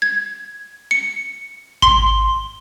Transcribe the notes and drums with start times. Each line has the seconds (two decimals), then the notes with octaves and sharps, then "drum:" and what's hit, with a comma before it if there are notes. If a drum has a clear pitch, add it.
0.02 G#6
0.91 C#7
1.82 C6, drum: kick G#1